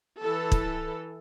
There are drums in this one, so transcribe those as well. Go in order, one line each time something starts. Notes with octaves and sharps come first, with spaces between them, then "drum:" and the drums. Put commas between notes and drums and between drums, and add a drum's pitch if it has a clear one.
E3 A4
drum: kick